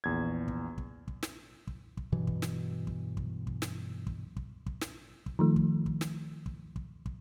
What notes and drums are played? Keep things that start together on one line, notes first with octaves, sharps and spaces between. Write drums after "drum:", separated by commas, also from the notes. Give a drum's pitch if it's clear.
A#1 E2 G#6
drum: kick
drum: kick
drum: kick
drum: snare
drum: kick
drum: kick
G2 B2 E3 F#3
drum: kick
drum: snare
drum: kick
drum: kick
drum: kick
drum: snare
drum: kick
drum: kick
drum: kick
drum: snare
drum: kick
D#3 F3 A3
drum: kick
drum: kick
drum: snare
drum: kick
drum: kick
drum: kick